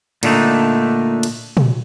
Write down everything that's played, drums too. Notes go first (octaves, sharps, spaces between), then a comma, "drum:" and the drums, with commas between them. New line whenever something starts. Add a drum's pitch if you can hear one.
A#2 D3 G3 A3 D4 D#4, drum: cymbal
drum: cymbal
drum: tom A#2